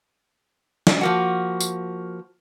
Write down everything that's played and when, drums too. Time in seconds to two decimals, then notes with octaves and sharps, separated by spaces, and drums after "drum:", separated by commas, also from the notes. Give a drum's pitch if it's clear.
0.87 drum: snare
1.01 F3 A#3 F#4
1.60 drum: tambourine